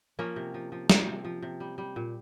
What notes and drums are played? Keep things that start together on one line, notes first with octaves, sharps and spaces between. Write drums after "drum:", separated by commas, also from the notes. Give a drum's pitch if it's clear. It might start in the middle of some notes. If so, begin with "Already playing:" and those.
F3 A#3 C#4
C3
F3
F3
F3, drum: snare
C3
F3
C3
G3
G3
A#2